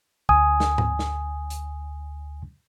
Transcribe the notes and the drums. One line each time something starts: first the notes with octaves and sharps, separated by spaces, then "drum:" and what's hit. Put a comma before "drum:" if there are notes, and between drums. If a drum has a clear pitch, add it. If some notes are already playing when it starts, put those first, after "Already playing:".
D2 G#5 D#6, drum: kick
drum: snare
drum: tom G#2
drum: snare
drum: hi-hat